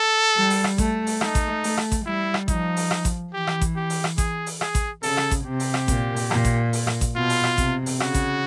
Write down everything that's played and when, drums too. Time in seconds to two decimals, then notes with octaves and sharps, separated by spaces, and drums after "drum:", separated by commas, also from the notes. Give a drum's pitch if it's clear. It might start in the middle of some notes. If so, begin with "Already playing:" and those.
Already playing: A4
0.36 G3
0.50 drum: open hi-hat
0.64 drum: rim click
0.78 A3, drum: kick A1, hi-hat
1.07 drum: open hi-hat
1.21 A3 D#4, drum: rim click
1.35 drum: kick A1, hi-hat
1.64 A3, drum: open hi-hat
1.77 drum: rim click
1.92 drum: kick A1, hi-hat
2.06 G3 E4
2.34 drum: rim click
2.48 F3 D#4, drum: kick A1, hi-hat
2.77 drum: open hi-hat
2.91 drum: rim click
3.05 drum: kick A1, hi-hat
3.33 E3 G4
3.47 drum: rim click
3.61 drum: kick A1, hi-hat
3.76 G4
3.90 drum: open hi-hat
4.04 drum: rim click
4.18 G#4, drum: kick A1, hi-hat
4.46 drum: open hi-hat
4.61 G#4, drum: rim click
4.75 drum: kick A1, hi-hat
5.03 C#3 A4, drum: open hi-hat
5.17 drum: rim click
5.31 drum: kick A1, hi-hat
5.45 C3 G4
5.60 drum: open hi-hat
5.74 drum: rim click
5.88 A#2, drum: kick A1, hi-hat
6.16 drum: open hi-hat
6.31 A#2, drum: rim click
6.45 drum: kick A1, hi-hat
6.73 drum: open hi-hat
6.87 drum: rim click
7.01 drum: kick A1, hi-hat
7.16 B2 F4
7.29 drum: open hi-hat
7.44 drum: rim click
7.58 C3, drum: kick A1, hi-hat
7.86 drum: open hi-hat
8.00 C#3 F#4, drum: rim click
8.14 drum: kick A1, hi-hat